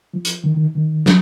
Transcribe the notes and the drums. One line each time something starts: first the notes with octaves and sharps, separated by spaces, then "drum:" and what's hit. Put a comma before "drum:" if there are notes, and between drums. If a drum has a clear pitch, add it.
F3
drum: hi-hat
D#3
D#3
D#3
F#3, drum: snare